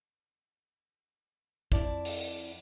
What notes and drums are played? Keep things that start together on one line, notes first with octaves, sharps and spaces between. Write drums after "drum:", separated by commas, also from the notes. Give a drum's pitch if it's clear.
F2 E4 D5 A5, drum: kick
drum: open hi-hat